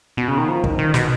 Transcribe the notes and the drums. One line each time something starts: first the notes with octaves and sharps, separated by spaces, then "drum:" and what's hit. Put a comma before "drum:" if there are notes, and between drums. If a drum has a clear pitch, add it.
B2
C#3
D#3
F3
D#3, drum: kick
D#3
B2, drum: snare